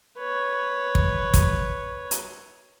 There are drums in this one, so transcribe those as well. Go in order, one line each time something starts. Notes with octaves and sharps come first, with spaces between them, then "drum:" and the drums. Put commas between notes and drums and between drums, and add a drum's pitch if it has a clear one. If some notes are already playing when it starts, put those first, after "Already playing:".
B4 C#5
drum: kick
drum: kick, hi-hat
drum: hi-hat